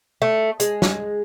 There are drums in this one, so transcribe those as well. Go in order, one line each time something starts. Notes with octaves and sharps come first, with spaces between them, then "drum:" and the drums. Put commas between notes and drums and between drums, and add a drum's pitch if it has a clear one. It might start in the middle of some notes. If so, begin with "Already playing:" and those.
A3
G#3, drum: hi-hat
drum: snare